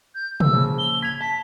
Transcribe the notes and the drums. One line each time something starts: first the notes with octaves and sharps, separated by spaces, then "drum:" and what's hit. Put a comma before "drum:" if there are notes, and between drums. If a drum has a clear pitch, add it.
G6
E6, drum: tom
A#2 C#3 F3
G7
G#6 B6 F7
A5 B6